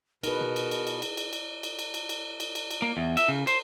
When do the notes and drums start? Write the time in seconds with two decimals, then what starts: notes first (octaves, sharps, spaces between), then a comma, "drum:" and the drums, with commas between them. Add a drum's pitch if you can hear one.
0.23 B2 D#4 G#4 A#4 B4, drum: cymbal
0.41 drum: tom B2
0.56 drum: cymbal
0.71 drum: cymbal
0.87 drum: cymbal
1.02 drum: cymbal
1.17 drum: cymbal
1.33 drum: cymbal
1.63 drum: cymbal
1.79 drum: cymbal
1.94 drum: cymbal
2.09 drum: cymbal
2.40 drum: cymbal
2.55 drum: cymbal
2.71 drum: cymbal
2.82 A#3
2.97 E2
3.17 E5, drum: cymbal
3.28 C#3
3.47 C5, drum: cymbal